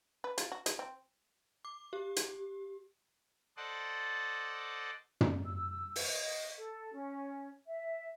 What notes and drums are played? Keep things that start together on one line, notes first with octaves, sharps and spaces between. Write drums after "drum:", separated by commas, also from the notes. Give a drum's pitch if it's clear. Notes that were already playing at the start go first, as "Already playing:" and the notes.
B4
F4, drum: hi-hat
F#4
D#5, drum: hi-hat
C4
D6
G4
drum: hi-hat
A4 C5 D5 D#5 F#5 A5
drum: tom
E6
drum: open hi-hat
D#5
A4
C#4
E5